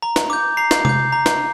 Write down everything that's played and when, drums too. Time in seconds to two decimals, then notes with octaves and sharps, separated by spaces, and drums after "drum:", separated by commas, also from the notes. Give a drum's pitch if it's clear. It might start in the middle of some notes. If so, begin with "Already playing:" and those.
0.02 A#5
0.16 drum: snare
0.30 D6 G6
0.57 A#5 C7
0.71 drum: snare
0.85 D6 G6, drum: tom C3
1.12 A#5
1.26 drum: snare